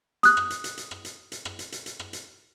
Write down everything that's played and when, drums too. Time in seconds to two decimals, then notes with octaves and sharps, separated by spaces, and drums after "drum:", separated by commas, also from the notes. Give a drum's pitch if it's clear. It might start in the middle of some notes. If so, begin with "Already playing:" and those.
0.23 D#6 F#6, drum: hi-hat
0.37 drum: rim click
0.50 drum: hi-hat
0.64 drum: hi-hat
0.77 drum: hi-hat
0.91 drum: rim click
1.05 drum: hi-hat
1.32 drum: hi-hat
1.45 drum: rim click
1.59 drum: hi-hat
1.72 drum: hi-hat
1.86 drum: hi-hat
1.99 drum: rim click
2.13 drum: hi-hat